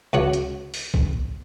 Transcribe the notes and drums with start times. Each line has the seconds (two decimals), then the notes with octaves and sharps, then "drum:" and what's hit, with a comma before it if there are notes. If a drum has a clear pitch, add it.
0.13 C#2 F#4 C#5
0.33 drum: hi-hat
0.74 drum: open hi-hat
0.94 drum: kick